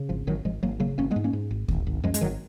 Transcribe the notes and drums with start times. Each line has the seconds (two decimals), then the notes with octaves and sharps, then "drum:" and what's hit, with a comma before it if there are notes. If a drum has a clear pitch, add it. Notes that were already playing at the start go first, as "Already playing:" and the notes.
Already playing: C#3
0.09 G#1 F3
0.27 G#1 D#3 F#3
0.45 G#1 F3 G#3
0.63 G#1 F#3 A#3
0.80 C#3 F#3 A#3
0.98 G#1 A#3 C#4
1.11 G#3 B3
1.16 G#2
1.24 A#3 C#4
1.33 G#2
1.51 G#1
1.68 G#1, drum: kick D2
1.87 G#1
2.04 F#2 F3 G#3
2.14 G#3, drum: hi-hat
2.21 G#1 D#3 F#3